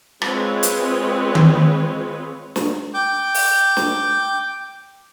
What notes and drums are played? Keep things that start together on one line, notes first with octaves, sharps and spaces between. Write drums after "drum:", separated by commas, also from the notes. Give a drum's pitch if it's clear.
G#3 C4 F4 G#4 B4 C#5, drum: rim click
drum: hi-hat
drum: tom D#3
drum: snare
G5 D6 G6
drum: open hi-hat
drum: snare